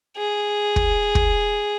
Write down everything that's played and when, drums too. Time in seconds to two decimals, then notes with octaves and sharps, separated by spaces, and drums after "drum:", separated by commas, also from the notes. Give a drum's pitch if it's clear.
0.17 G#4
0.76 drum: kick
1.15 drum: kick